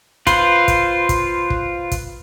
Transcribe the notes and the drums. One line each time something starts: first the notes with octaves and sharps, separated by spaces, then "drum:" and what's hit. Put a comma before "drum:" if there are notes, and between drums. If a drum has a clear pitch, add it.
F4 B4 C5, drum: kick, hi-hat
drum: kick, hi-hat
drum: kick, hi-hat
drum: kick
drum: kick, hi-hat